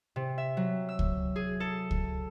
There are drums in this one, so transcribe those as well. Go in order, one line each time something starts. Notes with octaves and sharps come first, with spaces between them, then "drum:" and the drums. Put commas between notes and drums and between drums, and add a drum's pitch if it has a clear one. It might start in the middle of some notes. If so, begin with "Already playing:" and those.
C3
E5
F#3
E6
drum: kick C#2
G#4
A4
drum: kick C#2